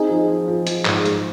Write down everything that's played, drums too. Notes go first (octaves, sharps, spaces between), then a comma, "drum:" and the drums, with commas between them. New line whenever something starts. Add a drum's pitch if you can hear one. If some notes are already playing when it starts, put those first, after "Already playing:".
Already playing: C4 D#4 G#4
F3
F3
F3
F3, drum: hi-hat
G#2, drum: clap
G#3, drum: hi-hat